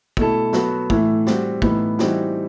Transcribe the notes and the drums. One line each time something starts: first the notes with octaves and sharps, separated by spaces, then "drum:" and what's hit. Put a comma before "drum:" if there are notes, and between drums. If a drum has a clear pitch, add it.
B2 A3 E4 A4, drum: kick
F#3 B3 F#4 A4, drum: snare
A2 E3 A3, drum: kick
G3 C4 F#4, drum: snare
A2 E3 B3 D#4, drum: kick
E3 G3 C4 D#4 F#4, drum: snare